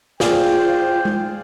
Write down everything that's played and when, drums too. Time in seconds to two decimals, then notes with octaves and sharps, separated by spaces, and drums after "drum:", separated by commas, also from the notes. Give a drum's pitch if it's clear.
0.20 F4 G#4 C5 D5 F5 G5, drum: snare
1.05 drum: tom G#3